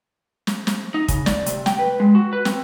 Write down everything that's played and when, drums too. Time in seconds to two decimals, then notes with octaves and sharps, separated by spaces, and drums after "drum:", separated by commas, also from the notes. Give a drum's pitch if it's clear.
0.47 drum: snare
0.67 drum: snare
0.94 D#4
1.08 C#3, drum: kick, hi-hat
1.26 D5, drum: snare
1.46 C3, drum: hi-hat
1.66 G5, drum: snare
1.79 B4
2.00 G#3
2.15 F#4
2.33 B4
2.45 C4, drum: snare